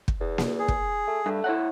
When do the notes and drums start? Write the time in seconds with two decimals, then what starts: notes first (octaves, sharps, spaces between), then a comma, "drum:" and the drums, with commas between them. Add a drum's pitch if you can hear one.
0.08 drum: kick
0.21 E2
0.38 drum: snare A#3
0.59 G#4
0.68 drum: kick
1.07 A3
1.26 G2 A3
1.44 E4 C#5 F#5